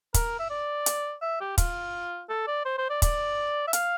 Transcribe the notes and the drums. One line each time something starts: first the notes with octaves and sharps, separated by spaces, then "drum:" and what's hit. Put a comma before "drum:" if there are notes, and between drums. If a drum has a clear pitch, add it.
A#4, drum: kick, hi-hat
E5
D5
drum: hi-hat
E5
G4
F4, drum: kick, hi-hat
A4
D5
C5
C5
D5
D5, drum: kick, hi-hat
E5
F5, drum: hi-hat